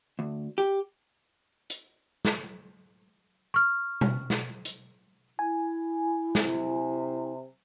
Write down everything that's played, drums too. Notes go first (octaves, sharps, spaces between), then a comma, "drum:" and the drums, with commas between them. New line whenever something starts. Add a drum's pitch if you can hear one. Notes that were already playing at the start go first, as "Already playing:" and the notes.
D2
G4
drum: hi-hat
drum: snare
C#6 F6
drum: tom B2
drum: snare
drum: hi-hat
E4 G#5
C3, drum: snare